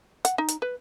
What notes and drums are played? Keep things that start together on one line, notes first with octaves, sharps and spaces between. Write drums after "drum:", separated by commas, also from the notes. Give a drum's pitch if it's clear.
F#5, drum: hi-hat
D#4
drum: hi-hat
B4